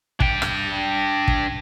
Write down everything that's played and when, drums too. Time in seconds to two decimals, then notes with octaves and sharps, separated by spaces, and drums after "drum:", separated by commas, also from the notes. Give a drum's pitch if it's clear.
0.20 D4 G5, drum: kick
0.42 drum: rim click
1.28 drum: kick